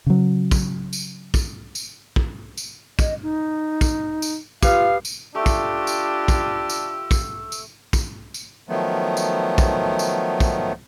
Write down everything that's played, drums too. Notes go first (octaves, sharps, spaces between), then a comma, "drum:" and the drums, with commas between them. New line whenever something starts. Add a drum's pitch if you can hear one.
C#3 F#3
drum: kick, tambourine
drum: tambourine
drum: kick, tambourine
drum: tambourine
drum: kick
drum: tambourine
D#5, drum: kick, tambourine
D#4
drum: kick, tambourine
drum: tambourine
F4 G4 B4 F5 D#6, drum: kick, tambourine
drum: tambourine
A3 D4 F4 G4 E6
drum: kick, tambourine
drum: tambourine
drum: kick, tambourine
drum: tambourine
drum: kick, tambourine
drum: tambourine
drum: kick, tambourine
drum: tambourine
D#3 F3 F#3 A3 B3
drum: tambourine
drum: kick, tambourine
drum: tambourine
drum: kick, tambourine